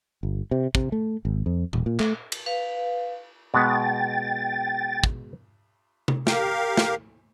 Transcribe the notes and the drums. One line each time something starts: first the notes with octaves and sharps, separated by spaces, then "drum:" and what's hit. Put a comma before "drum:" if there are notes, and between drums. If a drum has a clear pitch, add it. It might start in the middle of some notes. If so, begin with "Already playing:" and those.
G1
C3
C3, drum: kick
A3
G#1
F2
E1, drum: tom A#2
A#2
A3, drum: clap
drum: cymbal
B4 F5
B2 G#3 B3 G5 A6
drum: kick
drum: tom C3
G4 A#4 F5, drum: snare
drum: snare